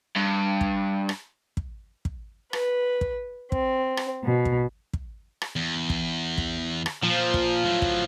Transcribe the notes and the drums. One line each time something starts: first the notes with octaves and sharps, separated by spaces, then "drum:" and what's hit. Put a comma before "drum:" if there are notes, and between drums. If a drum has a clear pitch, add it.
G2
drum: kick
drum: rim click
drum: kick
drum: kick
B4, drum: rim click
drum: kick
C4, drum: kick
drum: rim click
B2
drum: kick
drum: kick
drum: rim click
E2
drum: kick
drum: kick
drum: rim click
A#2 F3
drum: kick
A2 F#3
drum: kick